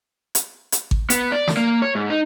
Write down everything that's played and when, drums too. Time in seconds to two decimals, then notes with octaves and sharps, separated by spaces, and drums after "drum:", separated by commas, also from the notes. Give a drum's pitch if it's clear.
0.35 drum: hi-hat
0.72 drum: hi-hat
0.91 drum: kick G#1
1.10 B3, drum: hi-hat
1.32 D5
1.48 drum: snare
1.57 A#3
1.82 C#5
1.95 G#2
2.10 D#4